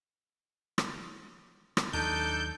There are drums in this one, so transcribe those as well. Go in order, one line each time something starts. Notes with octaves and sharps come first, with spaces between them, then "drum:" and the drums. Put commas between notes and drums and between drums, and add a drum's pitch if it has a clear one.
drum: rim click
drum: rim click
D#2 F#3 D4 D#4 A4 G6